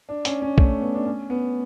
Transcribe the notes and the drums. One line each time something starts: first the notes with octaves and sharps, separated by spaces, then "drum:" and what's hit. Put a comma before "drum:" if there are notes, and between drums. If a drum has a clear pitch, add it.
D4
C#4, drum: hi-hat
C#4
A3, drum: kick B1
B3
D4
C#4
B3